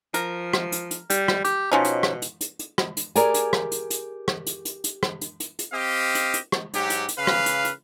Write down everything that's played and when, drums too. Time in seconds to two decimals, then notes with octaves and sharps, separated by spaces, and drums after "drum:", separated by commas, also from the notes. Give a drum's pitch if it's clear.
0.14 F3 A#4, drum: hi-hat
0.53 drum: rim click
0.72 drum: hi-hat
0.91 drum: hi-hat
1.10 G3, drum: hi-hat
1.28 drum: rim click
1.45 G4, drum: hi-hat
1.72 B2 F3 C#4 D#4
1.84 drum: hi-hat
2.03 drum: rim click
2.22 drum: hi-hat
2.41 drum: hi-hat
2.59 drum: hi-hat
2.78 drum: rim click
2.97 drum: hi-hat
3.16 G4 G#4 A#4 D5 G#5, drum: hi-hat
3.34 drum: hi-hat
3.53 drum: rim click
3.72 drum: hi-hat
3.90 drum: hi-hat
4.28 drum: rim click
4.47 drum: hi-hat
4.65 drum: hi-hat
4.84 drum: hi-hat
5.03 drum: rim click
5.21 drum: hi-hat
5.40 drum: hi-hat
5.59 drum: hi-hat
5.72 C4 G4 D#5 F5
6.15 drum: hi-hat
6.34 drum: hi-hat
6.52 drum: rim click
6.74 G#2 F#3 G4, drum: hi-hat
6.90 drum: hi-hat
7.09 drum: hi-hat
7.18 C#3 B4 F5
7.27 drum: rim click
7.46 drum: hi-hat
7.65 drum: hi-hat